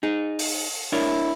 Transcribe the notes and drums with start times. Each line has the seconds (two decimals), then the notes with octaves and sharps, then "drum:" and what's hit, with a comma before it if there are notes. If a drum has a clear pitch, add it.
0.03 D#4 G#4
0.39 drum: open hi-hat
0.92 D4 E4 A#4 C#5 D5